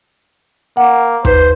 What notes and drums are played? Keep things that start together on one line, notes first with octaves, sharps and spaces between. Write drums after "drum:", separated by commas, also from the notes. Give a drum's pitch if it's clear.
A#3 F#5
D#2 B4 C5, drum: kick